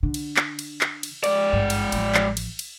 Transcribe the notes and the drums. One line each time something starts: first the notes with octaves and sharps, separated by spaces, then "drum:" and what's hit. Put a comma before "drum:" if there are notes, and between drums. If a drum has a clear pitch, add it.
D3
drum: cymbal
drum: clap
drum: cymbal
drum: clap
drum: cymbal
G#3 D5, drum: cymbal
G#1 G2
drum: cymbal
A1 F3, drum: cymbal
drum: clap
drum: cymbal
drum: cymbal